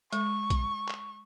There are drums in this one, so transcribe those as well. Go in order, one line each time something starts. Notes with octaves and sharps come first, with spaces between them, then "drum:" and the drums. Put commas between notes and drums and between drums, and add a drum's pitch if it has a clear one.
G#3 C#6, drum: hi-hat
drum: kick, hi-hat
drum: clap